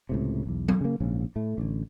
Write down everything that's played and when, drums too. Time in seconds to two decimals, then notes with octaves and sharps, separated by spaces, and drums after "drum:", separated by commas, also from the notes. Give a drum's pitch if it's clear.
0.09 C#2 A2 C3
0.46 B1 E2
0.68 drum: tom F#3
0.81 C#3 A#3
1.00 A#1 G#2 C#3
1.36 A2 A3
1.58 A1 D3